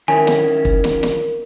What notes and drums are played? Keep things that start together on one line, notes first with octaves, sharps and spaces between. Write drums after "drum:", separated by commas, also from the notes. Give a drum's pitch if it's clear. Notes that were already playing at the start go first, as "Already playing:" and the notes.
D#3 C#4 E4 A#4 G#5
drum: snare
drum: kick
drum: snare
drum: snare